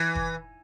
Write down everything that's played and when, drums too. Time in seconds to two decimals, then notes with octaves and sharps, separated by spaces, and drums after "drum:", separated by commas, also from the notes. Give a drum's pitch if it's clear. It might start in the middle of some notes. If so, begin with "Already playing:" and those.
Already playing: E3
0.15 drum: kick